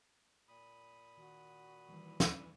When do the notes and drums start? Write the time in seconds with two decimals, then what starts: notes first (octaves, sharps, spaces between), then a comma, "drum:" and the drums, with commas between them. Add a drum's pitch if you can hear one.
0.48 A#2 B5 D#6
1.17 D#3 F#4
1.89 D#3 E3 G3 A#3
2.20 drum: snare